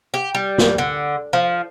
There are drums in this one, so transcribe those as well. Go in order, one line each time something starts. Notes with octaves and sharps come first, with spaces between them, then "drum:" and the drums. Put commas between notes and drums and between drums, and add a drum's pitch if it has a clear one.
G4
G3
drum: snare
D3
F3